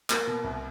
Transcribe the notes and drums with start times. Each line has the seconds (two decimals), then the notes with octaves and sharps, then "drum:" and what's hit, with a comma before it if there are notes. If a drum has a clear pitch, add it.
0.10 A#3, drum: clap
0.27 B2
0.44 C2